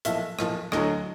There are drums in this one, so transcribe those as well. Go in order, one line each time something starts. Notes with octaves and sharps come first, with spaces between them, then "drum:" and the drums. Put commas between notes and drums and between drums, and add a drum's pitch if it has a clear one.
B1 A#2 F3 E5, drum: hi-hat
B1 A#2 F3, drum: rim click
D2 D3 F#3 D#5, drum: rim click